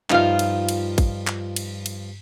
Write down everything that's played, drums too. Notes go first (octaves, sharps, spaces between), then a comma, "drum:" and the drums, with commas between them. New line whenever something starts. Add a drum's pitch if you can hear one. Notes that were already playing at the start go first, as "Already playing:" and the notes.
G2 F3 D#4 F4 F5, drum: clap
drum: cymbal
drum: cymbal
drum: kick, cymbal
drum: clap
drum: cymbal
drum: cymbal